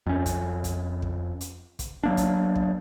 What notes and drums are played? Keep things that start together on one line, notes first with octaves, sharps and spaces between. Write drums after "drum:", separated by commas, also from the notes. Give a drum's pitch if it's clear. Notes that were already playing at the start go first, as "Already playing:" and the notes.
F2 C#4
drum: kick, hi-hat
drum: kick, hi-hat
drum: kick
drum: hi-hat
drum: kick, hi-hat
F#3 A#3 D4
drum: kick, hi-hat
drum: kick